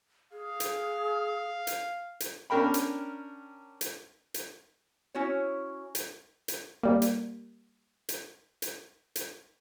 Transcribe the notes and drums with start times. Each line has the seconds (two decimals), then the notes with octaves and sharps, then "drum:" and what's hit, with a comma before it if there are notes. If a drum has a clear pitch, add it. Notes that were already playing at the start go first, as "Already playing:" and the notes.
0.32 G#4 F5
0.60 drum: hi-hat
1.67 drum: hi-hat
2.20 drum: hi-hat
2.50 C#4 D4 A#4 G5 B5
2.74 drum: hi-hat
3.81 drum: hi-hat
4.34 drum: hi-hat
5.15 C#4 E4 F#4 C#5
5.95 drum: hi-hat
6.48 drum: hi-hat
6.83 G3 A#3
7.02 drum: hi-hat
8.09 drum: hi-hat
8.62 drum: hi-hat
9.16 drum: hi-hat